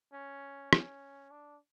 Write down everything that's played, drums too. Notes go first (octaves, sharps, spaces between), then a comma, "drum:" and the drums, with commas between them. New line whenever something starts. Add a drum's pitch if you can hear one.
C#4
C#4, drum: rim click
D4